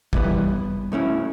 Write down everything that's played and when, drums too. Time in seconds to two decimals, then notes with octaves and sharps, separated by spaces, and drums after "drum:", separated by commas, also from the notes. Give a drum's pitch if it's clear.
0.13 G2 E3 B3, drum: kick
0.92 B2 A3 C#4 E4